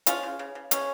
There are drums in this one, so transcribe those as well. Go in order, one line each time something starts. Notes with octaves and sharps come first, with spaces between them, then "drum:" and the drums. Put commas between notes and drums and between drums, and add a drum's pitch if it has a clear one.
C#3 C#4 F4, drum: hi-hat
C#3
C#3
C#3
C#3 C#4, drum: hi-hat